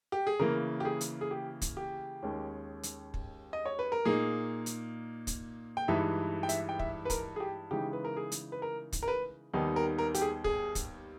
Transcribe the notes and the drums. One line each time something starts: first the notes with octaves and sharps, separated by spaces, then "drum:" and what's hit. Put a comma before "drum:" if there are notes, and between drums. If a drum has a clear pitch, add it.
G4
G#4
C#3 E3 A#3 A#4
G4
G#4
drum: hi-hat
G#4
G4
drum: kick, hi-hat
G4
D#2 D#3 G#3 C#4
drum: hi-hat
drum: kick
D#5
C#5
B4
A#4
A#2 A#3 D#4 G#4
drum: hi-hat
drum: kick, hi-hat
G5
G2 E3 G#3 D#4 E5
G5
E5, drum: hi-hat
G5
E5, drum: kick
B4
A#4, drum: kick, hi-hat
G#4
G4
C#3 E3 G#3 D#4 G4
B4
A#4
G#4
drum: hi-hat
B4
A#4
drum: kick, hi-hat
A#4
B4
D#2 D#3 G3 B3 D#4
A#4
A#4
G4, drum: hi-hat
G#4
G#4, drum: kick
drum: kick, hi-hat